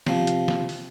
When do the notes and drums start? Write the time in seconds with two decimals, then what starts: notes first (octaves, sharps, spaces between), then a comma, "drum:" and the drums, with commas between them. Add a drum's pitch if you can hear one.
0.07 C3 F3, drum: snare
0.27 drum: hi-hat
0.48 drum: snare
0.69 drum: open hi-hat